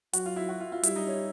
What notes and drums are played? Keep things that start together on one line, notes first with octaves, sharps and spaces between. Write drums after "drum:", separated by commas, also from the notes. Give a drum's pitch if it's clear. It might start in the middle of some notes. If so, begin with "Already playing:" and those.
F#3 F#4, drum: hi-hat
F4
E4
F#4
F4
F4
G3 E4, drum: hi-hat
D#4
C#4